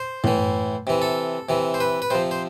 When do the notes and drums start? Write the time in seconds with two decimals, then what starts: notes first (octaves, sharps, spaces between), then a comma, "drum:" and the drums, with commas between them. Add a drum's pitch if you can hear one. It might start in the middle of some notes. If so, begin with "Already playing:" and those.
Already playing: C5
0.24 A2 E3, drum: tom
0.87 C3 E3
1.02 A4
1.49 C3 E3
1.74 C5
1.80 B4
2.02 B4
2.10 C3 F3 C5
2.31 C5